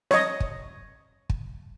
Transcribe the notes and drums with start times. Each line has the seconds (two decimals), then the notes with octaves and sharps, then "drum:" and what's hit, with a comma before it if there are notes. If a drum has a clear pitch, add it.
0.11 C#5 D#5, drum: snare
0.40 drum: kick
1.30 drum: kick